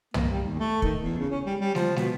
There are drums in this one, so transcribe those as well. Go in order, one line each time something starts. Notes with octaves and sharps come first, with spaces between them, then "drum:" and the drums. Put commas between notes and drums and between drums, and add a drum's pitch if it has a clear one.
A#3, drum: tom
G3
D#2
A3
D#3, drum: kick
E2
C#3
C#4
G3
G3
F3, drum: snare
B2, drum: snare